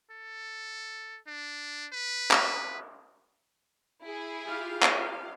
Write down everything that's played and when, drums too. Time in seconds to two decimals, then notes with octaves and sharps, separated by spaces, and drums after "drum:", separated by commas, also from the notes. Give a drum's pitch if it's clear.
0.11 A4
1.27 D4
1.93 B4
2.31 drum: clap
4.03 E4 G#4
4.45 F4 G4 F5
4.83 drum: clap